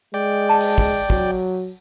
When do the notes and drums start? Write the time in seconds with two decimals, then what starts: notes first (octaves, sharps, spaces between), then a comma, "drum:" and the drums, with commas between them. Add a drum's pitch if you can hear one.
0.14 G#3 D5 G5
0.49 A5
0.61 drum: open hi-hat
0.78 drum: kick
1.10 F#3, drum: kick